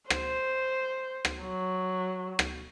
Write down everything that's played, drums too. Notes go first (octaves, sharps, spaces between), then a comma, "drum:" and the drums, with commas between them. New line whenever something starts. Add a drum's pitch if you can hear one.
C5, drum: rim click
drum: rim click
F#3
drum: rim click